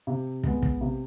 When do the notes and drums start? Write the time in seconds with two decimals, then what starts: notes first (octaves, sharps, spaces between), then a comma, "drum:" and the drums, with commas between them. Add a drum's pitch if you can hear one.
0.07 C3
0.43 G#3 B3, drum: kick
0.62 drum: kick
0.81 C3